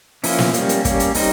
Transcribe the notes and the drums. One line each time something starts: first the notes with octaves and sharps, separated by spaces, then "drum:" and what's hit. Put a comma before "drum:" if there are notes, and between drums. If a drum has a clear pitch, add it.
F3 A#3 C#4 E4, drum: open hi-hat
drum: snare
G3 A#3 C#4, drum: hi-hat
drum: hi-hat
G3 A#3 C#4, drum: kick, hi-hat
drum: hi-hat
G3 C4 D#4, drum: open hi-hat